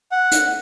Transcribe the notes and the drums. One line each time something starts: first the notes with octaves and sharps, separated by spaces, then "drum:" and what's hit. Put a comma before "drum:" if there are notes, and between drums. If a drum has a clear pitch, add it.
F#5
drum: hi-hat